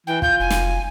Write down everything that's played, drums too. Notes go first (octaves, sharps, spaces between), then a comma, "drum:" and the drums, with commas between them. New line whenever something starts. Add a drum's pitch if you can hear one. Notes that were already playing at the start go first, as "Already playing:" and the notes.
E3 G5
F4 G6, drum: kick
F1 G#5
drum: snare